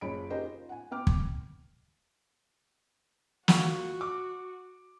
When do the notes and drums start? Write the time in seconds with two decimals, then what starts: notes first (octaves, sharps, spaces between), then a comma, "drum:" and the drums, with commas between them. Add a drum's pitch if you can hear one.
0.01 F#1 F4 G#4 C#5 B5 D7
0.30 C#4 D#4 G4 G#4 A#4 C5
0.44 F4
0.69 F#5 G#5
0.91 B3 G5 D6 F6
1.07 drum: kick
3.48 F4 F#4 F#5 C#6, drum: snare
4.01 D6